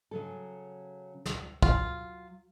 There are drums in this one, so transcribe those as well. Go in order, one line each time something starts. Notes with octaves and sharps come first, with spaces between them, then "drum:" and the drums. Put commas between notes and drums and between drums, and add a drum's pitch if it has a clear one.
C#3 F#3 A4
drum: snare
F#3 F4, drum: kick